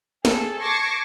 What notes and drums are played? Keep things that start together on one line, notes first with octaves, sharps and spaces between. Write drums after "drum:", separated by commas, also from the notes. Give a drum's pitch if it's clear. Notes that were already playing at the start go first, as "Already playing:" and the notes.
G#4 A4, drum: snare
A5 C#6 D6 G#6 A#6 C7